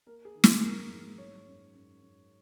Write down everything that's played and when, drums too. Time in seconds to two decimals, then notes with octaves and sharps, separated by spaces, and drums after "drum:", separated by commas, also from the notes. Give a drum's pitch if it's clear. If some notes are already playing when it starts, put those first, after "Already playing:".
0.06 A#3 A#4
0.25 G#4
0.35 D#3
0.44 G#4, drum: snare
0.63 G#2 A#4
0.90 G#2
1.18 F#3 C#5
1.47 F#2
1.74 F#2
2.02 F#2